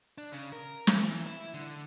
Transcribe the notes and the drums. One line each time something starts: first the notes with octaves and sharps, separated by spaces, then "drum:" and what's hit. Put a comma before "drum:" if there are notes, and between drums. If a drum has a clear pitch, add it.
D4
C#3
A#4
E3, drum: snare
E4
D3